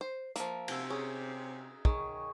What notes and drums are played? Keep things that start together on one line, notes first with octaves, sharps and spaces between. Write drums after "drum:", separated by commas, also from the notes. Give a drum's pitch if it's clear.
C5
F3 A#3 E5 A#5, drum: hi-hat
C3 F#5 G#5 E6, drum: cymbal
C#4 G#4
D#3 G#4 C#5 C#6, drum: kick